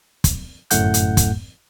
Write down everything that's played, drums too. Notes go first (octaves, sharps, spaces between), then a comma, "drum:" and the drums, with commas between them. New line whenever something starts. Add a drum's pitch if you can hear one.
drum: kick, hi-hat
G1 F#2 A2 A3 F#5 G6, drum: hi-hat
drum: hi-hat
drum: kick, hi-hat